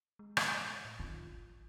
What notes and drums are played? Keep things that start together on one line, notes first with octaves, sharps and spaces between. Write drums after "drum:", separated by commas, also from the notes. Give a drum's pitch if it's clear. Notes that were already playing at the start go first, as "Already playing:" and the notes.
G#3
drum: rim click
A2
D#3 F4
G#1